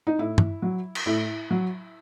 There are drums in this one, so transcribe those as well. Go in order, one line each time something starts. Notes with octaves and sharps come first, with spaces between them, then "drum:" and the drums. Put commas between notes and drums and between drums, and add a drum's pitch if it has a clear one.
D#4
A2 E4
drum: tom
F#3
drum: cymbal
A2 E4
F#3